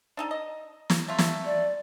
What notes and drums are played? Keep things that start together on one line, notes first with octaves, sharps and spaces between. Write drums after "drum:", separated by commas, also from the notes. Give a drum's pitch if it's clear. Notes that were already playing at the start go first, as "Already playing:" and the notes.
D4 D#4 A4
D#5
drum: snare
A3 F4
drum: snare
D5